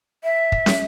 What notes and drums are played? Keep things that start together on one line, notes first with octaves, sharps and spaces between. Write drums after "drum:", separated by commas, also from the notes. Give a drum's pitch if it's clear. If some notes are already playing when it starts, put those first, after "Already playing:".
E5
drum: kick
drum: snare